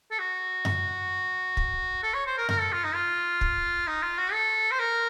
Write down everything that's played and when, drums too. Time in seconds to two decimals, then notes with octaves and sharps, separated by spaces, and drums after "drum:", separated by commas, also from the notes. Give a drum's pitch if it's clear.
0.11 A4
0.19 F#4
0.65 drum: tom F#2
1.57 drum: kick
2.03 A4
2.14 C#5
2.27 C5
2.38 A#4
2.49 A#4, drum: tom F#2
2.60 A4
2.72 F4
2.84 D#4
2.95 F4
3.41 drum: kick
3.87 D#4
4.03 F4
4.18 F#4
4.33 A4
4.71 C5
4.79 A#4